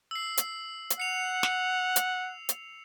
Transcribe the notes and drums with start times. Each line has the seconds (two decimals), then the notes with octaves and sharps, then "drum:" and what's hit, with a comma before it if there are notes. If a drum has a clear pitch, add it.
0.11 E6 C7
0.38 drum: hi-hat
0.90 drum: hi-hat
1.00 F#5 C#7 F7
1.43 drum: snare
1.96 drum: hi-hat
2.49 drum: hi-hat